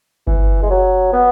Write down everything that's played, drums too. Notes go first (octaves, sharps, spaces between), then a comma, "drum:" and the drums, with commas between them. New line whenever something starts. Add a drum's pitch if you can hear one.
E3, drum: kick G1
G#3
F#3
B3